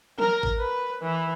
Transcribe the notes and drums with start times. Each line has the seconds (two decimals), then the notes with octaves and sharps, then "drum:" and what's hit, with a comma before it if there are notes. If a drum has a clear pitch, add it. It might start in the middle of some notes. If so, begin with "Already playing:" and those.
0.18 A#4, drum: tom
0.43 drum: kick G#1
0.59 B4
1.01 E3